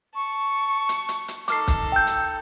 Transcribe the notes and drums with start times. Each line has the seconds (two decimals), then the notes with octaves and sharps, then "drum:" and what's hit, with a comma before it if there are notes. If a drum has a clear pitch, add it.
0.15 A5 C#6
0.89 drum: hi-hat
1.09 drum: hi-hat
1.28 drum: hi-hat
1.48 D#4 A4 D6 F6 C7, drum: hi-hat
1.68 drum: kick, hi-hat
1.92 G5 E6 G6
2.07 drum: hi-hat